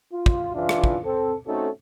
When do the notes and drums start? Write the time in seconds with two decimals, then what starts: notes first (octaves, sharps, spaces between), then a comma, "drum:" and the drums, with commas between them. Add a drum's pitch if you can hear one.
0.12 F4
0.26 drum: kick
0.54 C#3 E3 D4 E4 F4
0.69 drum: rim click
0.84 drum: kick
1.03 C4 A4
1.46 A3 C4 C#4 D#4 F#4 A4